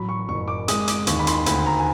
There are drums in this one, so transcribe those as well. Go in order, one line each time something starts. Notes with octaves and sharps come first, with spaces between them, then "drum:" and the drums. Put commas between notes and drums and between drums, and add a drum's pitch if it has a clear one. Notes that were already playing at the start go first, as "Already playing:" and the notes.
Already playing: A1 F#3 B5
C#6
F#1 C#6
D6
G#3 D#6, drum: hi-hat
D6, drum: hi-hat
D#2 C#6, drum: hi-hat
B5
C6, drum: hi-hat
D2 B5, drum: hi-hat
A#5
G#5